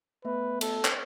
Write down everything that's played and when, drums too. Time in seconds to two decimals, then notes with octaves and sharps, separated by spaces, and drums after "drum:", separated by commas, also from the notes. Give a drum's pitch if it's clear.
0.25 A3 B3 B4 E5
0.61 A4, drum: cymbal
0.85 drum: clap